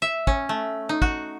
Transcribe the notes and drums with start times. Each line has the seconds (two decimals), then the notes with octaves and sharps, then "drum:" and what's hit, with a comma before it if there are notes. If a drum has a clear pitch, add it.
0.02 E5
0.27 C#4, drum: kick
0.49 A3
0.89 D#4
1.02 F#4, drum: kick